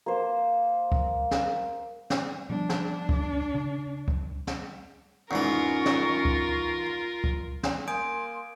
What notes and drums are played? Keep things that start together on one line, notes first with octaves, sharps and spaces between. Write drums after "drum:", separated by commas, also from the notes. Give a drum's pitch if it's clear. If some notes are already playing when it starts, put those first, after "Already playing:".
A#3 C5
drum: kick
drum: snare
drum: snare
F3 G3 B3 D4
drum: snare
drum: kick
C#3
drum: kick
drum: snare
E2 G#2 E3 C#4 F4 A#4 C#6
drum: snare
drum: kick
drum: kick
drum: snare
A#3 G#5 C6 D#6 G6 D7